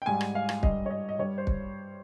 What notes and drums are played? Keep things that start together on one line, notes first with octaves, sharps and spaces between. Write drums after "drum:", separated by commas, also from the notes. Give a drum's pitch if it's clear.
G5
G#2 G3 G#5
drum: rim click
F5
drum: rim click
G2 G3 D#5, drum: kick
C#5
D#5
D#5
G2 G3 C#5
C5
drum: kick